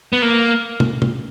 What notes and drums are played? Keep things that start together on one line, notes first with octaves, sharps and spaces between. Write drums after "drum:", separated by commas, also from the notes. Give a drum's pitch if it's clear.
B3
A#3
drum: tom
drum: tom